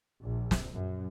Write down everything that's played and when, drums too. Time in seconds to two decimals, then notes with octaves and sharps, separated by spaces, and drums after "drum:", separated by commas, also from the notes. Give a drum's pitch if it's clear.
0.22 A#1
0.51 drum: snare
0.74 F#2